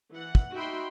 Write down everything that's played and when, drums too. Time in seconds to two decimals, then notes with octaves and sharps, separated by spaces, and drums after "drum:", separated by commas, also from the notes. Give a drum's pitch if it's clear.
0.13 E3 F#5
0.35 drum: kick
0.53 D#4 F#4 E5 G5 B5 C6